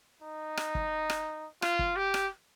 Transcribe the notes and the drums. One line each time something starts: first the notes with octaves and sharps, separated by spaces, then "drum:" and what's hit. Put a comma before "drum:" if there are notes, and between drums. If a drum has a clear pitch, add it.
D#4
drum: rim click
drum: kick
drum: rim click
F4, drum: rim click
drum: kick
G4
drum: rim click